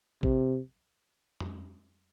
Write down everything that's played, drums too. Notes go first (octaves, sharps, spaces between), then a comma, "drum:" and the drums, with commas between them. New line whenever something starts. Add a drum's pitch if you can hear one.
C3, drum: kick
drum: tom F2